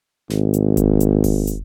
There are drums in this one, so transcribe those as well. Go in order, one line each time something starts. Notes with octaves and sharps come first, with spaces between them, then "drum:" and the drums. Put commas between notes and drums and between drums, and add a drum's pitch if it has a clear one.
G#1, drum: snare
drum: hi-hat
drum: kick E1, hi-hat
drum: hi-hat
drum: kick E1, open hi-hat
drum: hi-hat